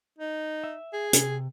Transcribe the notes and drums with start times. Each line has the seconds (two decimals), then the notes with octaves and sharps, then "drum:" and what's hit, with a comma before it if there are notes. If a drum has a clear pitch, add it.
0.18 D#4
0.64 E5
0.93 G#4
1.13 C3, drum: hi-hat